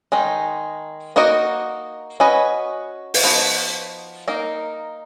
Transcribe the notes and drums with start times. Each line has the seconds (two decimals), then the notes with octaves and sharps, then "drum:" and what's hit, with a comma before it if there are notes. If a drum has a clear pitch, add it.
0.12 D#3 G#3 D#4
1.16 A#3 D#4 F#4 A#4 D#5
2.20 C#4 F#4 B4 D#5
3.14 drum: open hi-hat
3.23 F3 B3 D#4 F#4
4.28 A#3 D#4 A#4